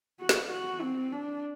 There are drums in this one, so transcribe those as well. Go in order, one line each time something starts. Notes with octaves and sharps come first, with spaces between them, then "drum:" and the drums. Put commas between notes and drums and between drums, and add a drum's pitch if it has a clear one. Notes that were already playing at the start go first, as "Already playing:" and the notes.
F#4
drum: snare
F#4
C4
D4